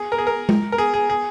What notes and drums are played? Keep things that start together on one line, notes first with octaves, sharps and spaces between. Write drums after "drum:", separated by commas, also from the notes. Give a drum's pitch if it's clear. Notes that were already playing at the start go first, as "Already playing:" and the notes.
Already playing: G#4
A#4
G#4
A#4
drum: tom G#3
A#4
G#4
G#4
G#4